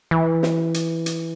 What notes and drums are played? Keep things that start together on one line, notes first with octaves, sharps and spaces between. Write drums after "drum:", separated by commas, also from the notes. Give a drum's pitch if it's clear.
E3
drum: snare
drum: hi-hat
drum: hi-hat